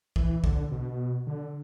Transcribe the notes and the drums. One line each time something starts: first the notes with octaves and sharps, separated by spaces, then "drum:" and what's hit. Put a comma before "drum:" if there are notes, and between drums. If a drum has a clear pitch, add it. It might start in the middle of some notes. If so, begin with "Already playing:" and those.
E3, drum: kick
D3, drum: kick
B2
D3